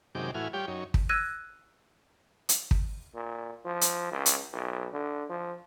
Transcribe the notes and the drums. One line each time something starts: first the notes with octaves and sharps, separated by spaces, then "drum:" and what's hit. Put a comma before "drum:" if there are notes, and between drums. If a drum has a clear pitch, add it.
F#2 C3 D#3 G#3 G5 D6
A2 E3 F#4 G#5 F6
G3 F4 G4 C#5 G5
F#2 D#4 C#5
drum: kick
E6 F#6 G#6 A#6 D#7
drum: hi-hat
drum: kick
A#2
F3
drum: hi-hat
C#2
drum: hi-hat
B1
D3
F3